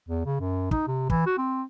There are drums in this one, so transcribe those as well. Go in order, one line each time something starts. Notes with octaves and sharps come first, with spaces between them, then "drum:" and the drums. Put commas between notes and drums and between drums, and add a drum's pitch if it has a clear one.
E2
C#3
F#2
D#4, drum: kick
C3
E3, drum: kick
F#4
C4